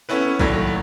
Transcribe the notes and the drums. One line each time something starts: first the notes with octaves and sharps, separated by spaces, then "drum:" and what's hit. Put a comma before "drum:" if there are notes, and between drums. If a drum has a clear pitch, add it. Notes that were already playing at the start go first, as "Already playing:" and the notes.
A3 B3 C#4 E4 B4
D#2 A2 F#3 A3 D4, drum: kick A#1